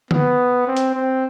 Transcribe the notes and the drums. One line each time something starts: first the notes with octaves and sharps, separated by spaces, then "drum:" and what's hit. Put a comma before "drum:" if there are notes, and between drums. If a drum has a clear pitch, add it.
B3, drum: tom D3
C4
drum: hi-hat
C4